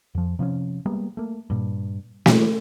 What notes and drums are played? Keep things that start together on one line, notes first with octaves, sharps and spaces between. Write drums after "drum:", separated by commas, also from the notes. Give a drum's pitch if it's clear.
F2 F3
C3 F3 C4 C#4
G3 G#3 A#3 B3
A3 A#3
G2 A#2
E3 G3 G#3 A#3, drum: snare